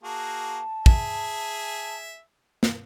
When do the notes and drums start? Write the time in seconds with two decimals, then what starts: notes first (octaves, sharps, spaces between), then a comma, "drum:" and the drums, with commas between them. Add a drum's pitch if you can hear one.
0.03 A#3 F#4 G#4 A5
0.86 G#4 E5 G#5, drum: kick
2.63 drum: snare